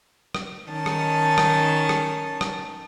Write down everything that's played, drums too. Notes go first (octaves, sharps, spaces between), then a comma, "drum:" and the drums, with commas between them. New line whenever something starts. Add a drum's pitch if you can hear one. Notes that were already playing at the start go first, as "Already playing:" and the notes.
drum: rim click
D#3 C#4 D#4 A5
drum: rim click
drum: rim click
drum: rim click
drum: rim click